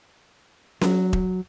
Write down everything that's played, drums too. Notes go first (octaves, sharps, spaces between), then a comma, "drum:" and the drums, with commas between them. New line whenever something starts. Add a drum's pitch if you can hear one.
F#3, drum: snare C#4
drum: kick E1